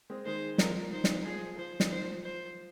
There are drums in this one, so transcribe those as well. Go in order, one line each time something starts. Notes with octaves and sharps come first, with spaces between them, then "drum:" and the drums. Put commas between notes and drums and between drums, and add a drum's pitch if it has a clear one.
G#3 C4
D#3 G#3 C5
F3 A#4, drum: snare
D#3 C5
drum: snare
F3 G#4
F3 C5
D#3, drum: snare
C5
F3
C5